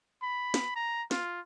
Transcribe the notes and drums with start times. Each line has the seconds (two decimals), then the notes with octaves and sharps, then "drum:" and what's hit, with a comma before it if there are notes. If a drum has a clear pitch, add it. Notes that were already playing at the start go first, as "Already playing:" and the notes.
0.22 B5
0.54 drum: snare
0.76 A#5
1.11 F4, drum: snare